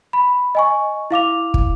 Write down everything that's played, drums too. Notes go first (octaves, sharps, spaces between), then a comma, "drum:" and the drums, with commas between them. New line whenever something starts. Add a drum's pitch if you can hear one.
B5
D#5 G#5 C#6
E4 F5 D6 F7
drum: kick